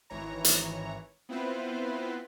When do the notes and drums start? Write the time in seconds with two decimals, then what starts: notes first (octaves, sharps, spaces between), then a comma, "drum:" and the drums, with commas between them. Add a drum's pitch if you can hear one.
0.10 G#1 E3 C#5 A#5
0.44 drum: hi-hat
1.29 B3 C4 E4 F4 B4 C5